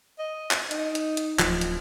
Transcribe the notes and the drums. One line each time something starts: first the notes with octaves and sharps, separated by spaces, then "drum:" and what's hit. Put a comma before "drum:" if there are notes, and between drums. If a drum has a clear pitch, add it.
D#5
drum: clap
D#4, drum: hi-hat
drum: hi-hat
drum: hi-hat
D1 F3, drum: clap
drum: hi-hat